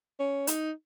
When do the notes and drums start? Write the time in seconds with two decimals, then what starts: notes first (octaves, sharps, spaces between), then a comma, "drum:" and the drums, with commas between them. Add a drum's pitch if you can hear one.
0.19 C#4
0.47 D#4, drum: hi-hat